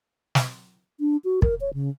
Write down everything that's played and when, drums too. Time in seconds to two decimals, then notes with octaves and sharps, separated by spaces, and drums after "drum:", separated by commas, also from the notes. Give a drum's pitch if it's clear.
0.35 drum: snare
1.00 D4
1.24 F#4
1.42 A#4, drum: kick
1.61 C#5
1.74 C#3